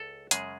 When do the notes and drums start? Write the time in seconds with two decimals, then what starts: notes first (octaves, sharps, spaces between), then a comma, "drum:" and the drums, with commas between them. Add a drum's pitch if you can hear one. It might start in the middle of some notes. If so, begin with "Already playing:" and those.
Already playing: C#2 A4
0.31 F#2 C#3 G#3 G#4, drum: hi-hat